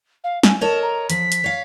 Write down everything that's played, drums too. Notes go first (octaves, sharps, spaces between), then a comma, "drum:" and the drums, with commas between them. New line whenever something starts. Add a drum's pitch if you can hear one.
F5
G#5, drum: snare
A#4 C#5 D#5 A5
A#5
F3 B6, drum: hi-hat
drum: hi-hat
C#5 F5